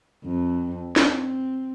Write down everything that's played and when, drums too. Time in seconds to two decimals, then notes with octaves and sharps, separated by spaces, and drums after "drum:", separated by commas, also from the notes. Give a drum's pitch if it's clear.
0.24 F2
0.96 C4, drum: snare